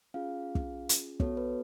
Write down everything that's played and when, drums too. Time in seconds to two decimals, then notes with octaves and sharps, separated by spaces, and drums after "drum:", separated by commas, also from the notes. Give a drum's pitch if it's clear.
0.14 C#4 F4 G#4 F5
0.55 drum: kick
0.89 drum: hi-hat
1.20 B3 F#4 A4 C#5, drum: kick
1.37 B4